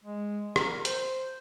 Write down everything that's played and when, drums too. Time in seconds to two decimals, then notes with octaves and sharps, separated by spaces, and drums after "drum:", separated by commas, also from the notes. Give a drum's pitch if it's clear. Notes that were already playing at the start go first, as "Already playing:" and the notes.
0.04 G#3
0.56 A#4, drum: rim click
0.85 C5, drum: hi-hat